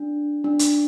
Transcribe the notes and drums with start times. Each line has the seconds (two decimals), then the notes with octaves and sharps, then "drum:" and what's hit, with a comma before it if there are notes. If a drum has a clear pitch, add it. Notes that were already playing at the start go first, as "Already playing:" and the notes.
Already playing: D4
0.44 D4
0.59 drum: hi-hat